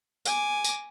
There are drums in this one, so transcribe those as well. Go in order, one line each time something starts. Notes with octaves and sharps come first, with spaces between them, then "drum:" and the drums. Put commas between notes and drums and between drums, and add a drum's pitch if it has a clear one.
G#5 D6, drum: tambourine
drum: tambourine